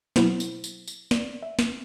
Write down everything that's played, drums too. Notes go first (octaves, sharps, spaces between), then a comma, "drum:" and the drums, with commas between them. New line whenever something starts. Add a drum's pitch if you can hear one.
B2 F#3 B3 E4 C5, drum: snare
drum: tambourine
drum: tambourine
drum: tambourine
D5, drum: snare
E5
drum: snare